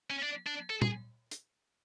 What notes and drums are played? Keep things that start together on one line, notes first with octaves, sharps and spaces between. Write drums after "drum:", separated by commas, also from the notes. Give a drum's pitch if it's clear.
C#4
D4
D4
A4
G#4, drum: tom A#2
drum: hi-hat